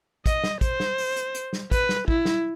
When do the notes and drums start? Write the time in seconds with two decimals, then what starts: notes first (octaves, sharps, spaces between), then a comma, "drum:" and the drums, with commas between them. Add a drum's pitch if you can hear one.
0.26 D#5, drum: kick, hi-hat
0.44 drum: snare
0.61 C5, drum: kick, hi-hat
0.80 drum: snare
0.98 drum: open hi-hat
1.16 drum: hi-hat
1.35 drum: hi-hat
1.53 drum: snare
1.71 B4, drum: kick, hi-hat
1.89 drum: snare
2.08 E4, drum: kick
2.25 drum: snare